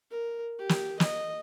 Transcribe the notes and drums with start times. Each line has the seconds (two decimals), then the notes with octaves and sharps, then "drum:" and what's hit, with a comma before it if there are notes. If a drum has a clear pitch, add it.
0.11 A#4
0.59 G4
0.69 drum: snare
1.00 D#5, drum: snare